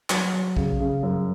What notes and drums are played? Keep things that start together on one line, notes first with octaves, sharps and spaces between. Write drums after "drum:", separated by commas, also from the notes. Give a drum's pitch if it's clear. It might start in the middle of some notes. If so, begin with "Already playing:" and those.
F#3, drum: clap
F#3
C#3, drum: kick
C#3
F#2